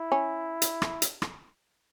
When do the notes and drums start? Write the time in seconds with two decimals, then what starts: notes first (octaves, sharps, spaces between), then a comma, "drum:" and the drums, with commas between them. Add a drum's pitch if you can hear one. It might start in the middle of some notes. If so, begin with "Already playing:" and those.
Already playing: E4
0.12 C#4
0.62 drum: hi-hat
0.82 drum: rim click
1.02 drum: hi-hat
1.22 drum: rim click